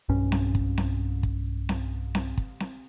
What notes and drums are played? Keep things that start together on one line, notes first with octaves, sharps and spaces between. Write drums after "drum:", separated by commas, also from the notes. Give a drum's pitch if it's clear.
B1 G2 C#4
drum: snare C4
drum: kick
drum: snare C4
drum: kick
drum: snare C4
drum: snare C4
drum: kick
drum: snare C4